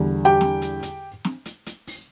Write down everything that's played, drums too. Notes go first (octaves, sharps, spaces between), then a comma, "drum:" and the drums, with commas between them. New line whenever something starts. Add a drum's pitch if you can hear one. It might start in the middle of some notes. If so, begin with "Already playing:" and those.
Already playing: E2 D3 G3
G4 G5
drum: snare
drum: hi-hat
drum: hi-hat
drum: snare
drum: hi-hat
drum: hi-hat
drum: open hi-hat